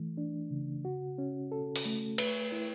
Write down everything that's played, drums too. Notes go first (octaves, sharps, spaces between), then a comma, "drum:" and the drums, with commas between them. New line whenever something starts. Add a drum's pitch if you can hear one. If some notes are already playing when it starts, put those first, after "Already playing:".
Already playing: E3 A3
D4
C#3
F#4
C#4
A4
drum: open hi-hat
A3
B4, drum: cymbal
E4